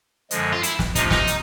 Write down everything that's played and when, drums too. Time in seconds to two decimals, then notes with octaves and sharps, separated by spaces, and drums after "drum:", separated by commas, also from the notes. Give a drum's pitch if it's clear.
0.31 F#2 D3 F3 G#3, drum: hi-hat
0.53 F4
0.63 E4, drum: hi-hat
0.79 drum: snare
0.95 C3 F3 A3 C#4 D#4 F4, drum: kick, hi-hat
1.11 D#4, drum: snare
1.27 drum: hi-hat